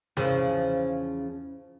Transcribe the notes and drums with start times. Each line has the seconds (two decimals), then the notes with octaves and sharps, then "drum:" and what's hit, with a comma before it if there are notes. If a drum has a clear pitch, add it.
0.17 E2 C#3 F3, drum: tom C3